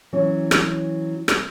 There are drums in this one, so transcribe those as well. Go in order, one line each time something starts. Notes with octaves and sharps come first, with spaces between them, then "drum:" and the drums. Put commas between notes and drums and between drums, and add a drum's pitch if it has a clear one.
E3 F#3 C#4
drum: rim click
drum: rim click